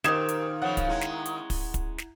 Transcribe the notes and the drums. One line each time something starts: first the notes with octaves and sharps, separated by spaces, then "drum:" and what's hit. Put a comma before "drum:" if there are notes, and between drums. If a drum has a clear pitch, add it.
A#2 D#3 G4 A#4 C5 D#6 G#6 E7, drum: snare
drum: hi-hat
C#3 F3 B3 C#5 F#5
drum: kick, hi-hat
G#3 C#4 E4 A#5 G#6
drum: snare
drum: hi-hat
drum: kick, open hi-hat
drum: kick, hi-hat
drum: snare